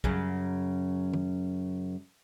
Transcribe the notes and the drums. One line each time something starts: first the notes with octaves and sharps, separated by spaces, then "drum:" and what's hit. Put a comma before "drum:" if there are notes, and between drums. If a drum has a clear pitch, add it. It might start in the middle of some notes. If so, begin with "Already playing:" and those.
F#2 C#3, drum: kick
drum: tom